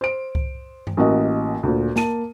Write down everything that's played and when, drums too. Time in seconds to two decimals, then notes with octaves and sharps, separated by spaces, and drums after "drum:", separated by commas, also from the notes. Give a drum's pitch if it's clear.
0.01 C5 D7
0.35 drum: kick C2
0.87 drum: tom G2
0.97 A1 A#3 F#4 A#4 D#5
1.63 D2 A#2
1.96 A#3 A5 D#7, drum: snare